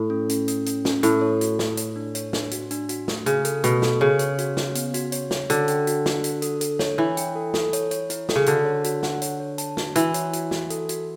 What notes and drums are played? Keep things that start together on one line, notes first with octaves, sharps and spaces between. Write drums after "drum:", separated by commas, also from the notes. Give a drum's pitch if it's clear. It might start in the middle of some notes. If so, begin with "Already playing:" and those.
Already playing: A2
C#4
C#4, drum: hi-hat
C#4, drum: hi-hat
C#4, drum: hi-hat
C#4, drum: snare
A2 A4, drum: hi-hat
C#5
F#4, drum: hi-hat
A4, drum: snare
C#5, drum: hi-hat
D4
C#5, drum: hi-hat
D4, drum: snare
F#4, drum: hi-hat
D4, drum: hi-hat
F#4, drum: hi-hat
A3, drum: snare
C#3 F#4, drum: hi-hat
A4, drum: hi-hat
B2 A3, drum: hi-hat
A4, drum: snare
C#3 C#5
C#5, drum: hi-hat
F#4, drum: hi-hat
C#5, drum: snare
B3, drum: hi-hat
F#4, drum: hi-hat
C#5, drum: hi-hat
C#5, drum: snare
D3 F#4, drum: hi-hat
G5, drum: hi-hat
F#4, drum: hi-hat
F#4, drum: snare
F#4, drum: hi-hat
A4, drum: hi-hat
A4, drum: hi-hat
C#5, drum: snare
E3 C#5
G5, drum: hi-hat
A4
A4, drum: snare
C#5, drum: hi-hat
C#5, drum: hi-hat
E4, drum: hi-hat
A4, drum: snare
C#3
D3 F#4, drum: hi-hat
C#5
F#4, drum: hi-hat
F#5, drum: snare
C#5, drum: hi-hat
C#5
A5, drum: hi-hat
F#4, drum: snare
E3 F#4, drum: hi-hat
C#5, drum: hi-hat
F#4, drum: hi-hat
F#4, drum: snare
A4, drum: hi-hat
F#4, drum: hi-hat